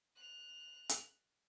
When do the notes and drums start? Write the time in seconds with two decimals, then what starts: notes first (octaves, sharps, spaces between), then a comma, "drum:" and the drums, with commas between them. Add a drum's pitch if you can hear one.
0.16 F#6 F7
0.89 drum: hi-hat